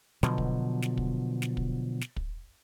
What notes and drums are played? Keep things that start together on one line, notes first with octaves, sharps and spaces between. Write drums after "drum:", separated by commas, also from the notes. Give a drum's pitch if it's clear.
B2 D3 F3 F#3, drum: snare
drum: kick
drum: snare
drum: kick
drum: snare
drum: kick
drum: snare
drum: kick